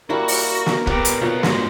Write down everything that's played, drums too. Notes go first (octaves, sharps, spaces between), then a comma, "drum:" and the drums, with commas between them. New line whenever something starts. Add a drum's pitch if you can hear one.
G3 A#3 E4 F#4 A#4
drum: open hi-hat
drum: snare
G3 B3 G4 D5, drum: kick
drum: hi-hat
B1 F#3 B3 F4
G2 G#3, drum: snare